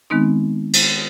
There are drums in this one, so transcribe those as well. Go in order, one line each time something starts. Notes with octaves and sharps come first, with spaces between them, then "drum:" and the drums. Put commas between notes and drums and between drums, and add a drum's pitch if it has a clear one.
D#3 G#3 B3 C4 D#4
drum: cymbal